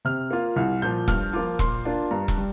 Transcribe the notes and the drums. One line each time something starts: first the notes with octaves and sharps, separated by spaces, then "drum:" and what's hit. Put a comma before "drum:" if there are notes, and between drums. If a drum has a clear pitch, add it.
C3 F6
A#3 F4
C2 F6
A#2 F3 G6
G2 F6, drum: kick E1
F3 A#3 F4 D6
A#2 C6, drum: kick E1
A#3 D4 F4
G2 A#5
drum: kick E1
G3